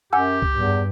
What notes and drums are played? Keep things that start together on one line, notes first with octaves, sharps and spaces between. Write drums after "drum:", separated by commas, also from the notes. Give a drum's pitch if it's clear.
F#2 G4 F#5 G#5 E6
drum: kick C2
E2 G2